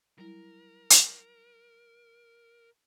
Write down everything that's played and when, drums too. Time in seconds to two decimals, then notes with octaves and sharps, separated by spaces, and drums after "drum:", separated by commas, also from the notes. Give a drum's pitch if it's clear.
0.18 F#3 G3 E4 A#4
0.90 drum: hi-hat